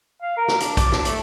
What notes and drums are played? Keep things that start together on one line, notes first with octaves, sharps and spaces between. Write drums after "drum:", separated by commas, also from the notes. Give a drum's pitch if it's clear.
F5
A#4
drum: snare
D4, drum: hi-hat
D5, drum: kick A#1, hi-hat
D4, drum: snare
A3, drum: hi-hat